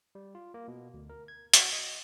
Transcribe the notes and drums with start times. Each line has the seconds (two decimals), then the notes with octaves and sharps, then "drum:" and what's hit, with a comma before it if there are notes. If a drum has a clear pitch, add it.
0.15 G3
0.35 F4
0.54 A#3
0.68 B2
0.94 D2
1.10 A#4
1.28 G#6
1.53 F#4, drum: hi-hat
1.73 D#5